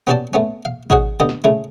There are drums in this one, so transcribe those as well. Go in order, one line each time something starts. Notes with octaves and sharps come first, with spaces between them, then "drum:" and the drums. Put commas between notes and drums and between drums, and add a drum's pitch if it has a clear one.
B3 C#4 F#4 G4 D5 A5
A3 B3 C#4
F5
D#4 F#4 G#4 C#5 F#5, drum: kick
D3 B3 G4 D#5
drum: snare
C#3 A3 E4